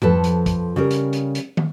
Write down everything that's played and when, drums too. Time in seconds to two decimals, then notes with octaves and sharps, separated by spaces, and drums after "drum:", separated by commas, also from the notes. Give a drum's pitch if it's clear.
0.02 F2 F3 A4 B4 A5, drum: tom
0.24 drum: hi-hat
0.46 drum: kick, hi-hat
0.76 C#3 G3 A#4
0.91 drum: hi-hat
1.13 drum: hi-hat
1.35 drum: hi-hat
1.57 drum: tom